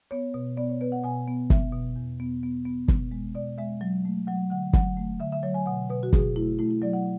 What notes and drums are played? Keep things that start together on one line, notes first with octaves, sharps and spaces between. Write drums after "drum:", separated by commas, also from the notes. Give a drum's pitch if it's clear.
B3 C#5
B2
B3 D5
C#5
B3 B4
F#5
B2 G#5
B3
B2 E5, drum: kick F#1
B2
E2
B3
B3
B3
B2, drum: kick F#1
G#3
B2 D5
G#3 E5
F#3
A3
F#3 F#5
D3 F#5
F#3 F#5, drum: kick F#1
A3
D3 E5
E5
F#3 C#5
G#5
B2 F#5
B2 B4
F#4
B2 G#4, drum: kick F#1
A3 E4
A3 E4
E4
F#3 D5
F#5